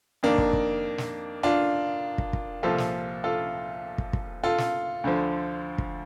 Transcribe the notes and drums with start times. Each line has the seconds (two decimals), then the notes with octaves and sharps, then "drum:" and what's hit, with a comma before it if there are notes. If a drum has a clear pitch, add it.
0.23 F2 D#3 A#3 D4
0.38 drum: kick
0.53 drum: kick
0.98 drum: snare
1.43 D4 F4
2.18 drum: kick
2.33 drum: kick
2.63 C2 A#2 F3 F4 A4
2.78 drum: snare
3.24 F4 A4
3.98 drum: kick
4.13 drum: kick
4.44 F4 A4
4.58 drum: snare
5.04 D2 D3 F3
5.78 drum: kick